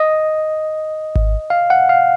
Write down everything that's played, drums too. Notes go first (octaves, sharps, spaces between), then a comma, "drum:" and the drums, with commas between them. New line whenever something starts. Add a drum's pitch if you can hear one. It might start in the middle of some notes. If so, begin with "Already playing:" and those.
Already playing: D#5
drum: kick G#1
F5
F#5
F5